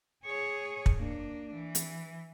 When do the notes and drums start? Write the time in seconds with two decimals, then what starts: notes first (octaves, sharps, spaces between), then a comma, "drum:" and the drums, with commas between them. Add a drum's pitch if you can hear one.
0.24 G#4 C#5
0.86 drum: kick
0.97 A#3 D4
1.54 E3
1.75 drum: hi-hat